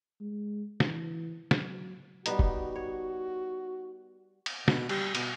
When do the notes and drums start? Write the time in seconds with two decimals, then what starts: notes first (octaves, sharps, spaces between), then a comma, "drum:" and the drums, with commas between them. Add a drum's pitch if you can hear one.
0.21 G#3
0.80 E3, drum: snare
1.51 F#3, drum: snare
2.26 G3 B3 D#4 F#4, drum: hi-hat
2.39 drum: kick F1
2.75 C#5
4.46 drum: cymbal
4.68 B2, drum: snare
4.89 G3, drum: cymbal
5.15 B2, drum: cymbal